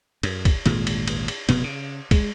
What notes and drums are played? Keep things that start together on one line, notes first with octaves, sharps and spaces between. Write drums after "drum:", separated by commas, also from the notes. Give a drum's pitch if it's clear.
F#2, drum: cymbal
drum: kick, cymbal
G#1 D2 A#2 G#3, drum: cymbal
drum: cymbal
drum: cymbal
drum: cymbal
F1 B2 B3, drum: cymbal
C#3
G#3, drum: kick, cymbal